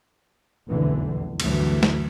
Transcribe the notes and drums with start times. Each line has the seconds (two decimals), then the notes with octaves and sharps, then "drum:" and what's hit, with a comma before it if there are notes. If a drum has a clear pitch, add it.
0.67 F1 B1 E2 D3 E3
1.40 D2 G2 E3 F#3 A3, drum: cymbal
1.83 drum: snare